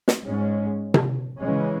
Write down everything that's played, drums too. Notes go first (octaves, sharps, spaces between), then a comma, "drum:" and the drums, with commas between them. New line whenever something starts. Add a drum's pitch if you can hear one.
drum: snare
G#2 G#3 C#4
drum: tom C3
C#3 E3 G#3 C#4